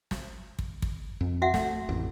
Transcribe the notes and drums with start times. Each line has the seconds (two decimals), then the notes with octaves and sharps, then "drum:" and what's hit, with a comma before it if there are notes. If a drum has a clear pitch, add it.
0.11 drum: snare
0.59 drum: kick
0.82 drum: kick
1.21 F2
1.42 F#4 E5 F#5
1.54 A3, drum: snare
1.89 A1 F2